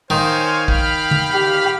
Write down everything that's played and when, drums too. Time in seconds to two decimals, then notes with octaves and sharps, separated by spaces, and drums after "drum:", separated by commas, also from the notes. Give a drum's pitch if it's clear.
0.10 D#3 C5 C#5 F5 G#5
0.68 F5 G5 B5 F6, drum: kick
1.11 drum: tom
1.31 G4